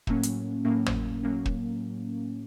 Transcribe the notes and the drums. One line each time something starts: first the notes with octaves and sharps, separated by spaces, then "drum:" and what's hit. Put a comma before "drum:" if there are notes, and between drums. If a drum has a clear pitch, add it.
A2 F#3 A#3 C#4, drum: kick
drum: hi-hat
A2 F#3 A#3 C#4
drum: tom G#1
A2 F#3 A#3 C#4
drum: kick